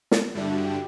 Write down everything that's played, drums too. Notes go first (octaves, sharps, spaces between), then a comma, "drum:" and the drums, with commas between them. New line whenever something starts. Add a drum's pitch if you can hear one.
drum: snare
G2 D3 G3 D4 E4
F#4
G4